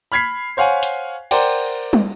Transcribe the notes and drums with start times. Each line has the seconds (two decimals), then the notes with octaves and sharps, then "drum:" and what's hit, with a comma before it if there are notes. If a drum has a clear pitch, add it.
0.12 B5 F6 G#6 B6 C7
0.57 C5 C#5 F5 F#5 G#5
0.83 drum: hi-hat
1.31 A#4 C5 D5 F#5 G5, drum: cymbal
1.93 drum: tom